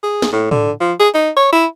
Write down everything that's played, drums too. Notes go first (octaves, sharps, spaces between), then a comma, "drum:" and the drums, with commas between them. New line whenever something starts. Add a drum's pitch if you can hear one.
G#4
drum: snare
A2
D3, drum: tom
F3
G#4
D#4
C#5
E4